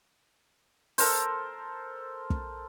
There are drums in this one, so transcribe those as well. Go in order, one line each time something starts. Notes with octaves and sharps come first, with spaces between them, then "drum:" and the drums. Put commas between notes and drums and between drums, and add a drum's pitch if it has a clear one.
A4 A#4 C5, drum: open hi-hat
drum: kick